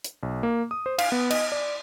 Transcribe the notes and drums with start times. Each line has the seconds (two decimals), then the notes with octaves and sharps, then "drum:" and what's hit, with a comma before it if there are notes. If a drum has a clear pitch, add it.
0.04 drum: hi-hat
0.23 B1
0.43 A#3
0.71 D#6
0.86 C5
0.98 F5, drum: cymbal
1.12 B3
1.30 D#5, drum: cymbal
1.52 D5